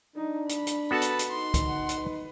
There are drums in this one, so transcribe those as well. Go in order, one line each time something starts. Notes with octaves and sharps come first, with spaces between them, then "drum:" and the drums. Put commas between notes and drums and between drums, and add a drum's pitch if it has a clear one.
D4 D#4
B5, drum: hi-hat
drum: hi-hat
B3 F#4 A4 B4 A5
drum: hi-hat
drum: hi-hat
D#4 C6
drum: kick, hi-hat
F#5
drum: hi-hat
B4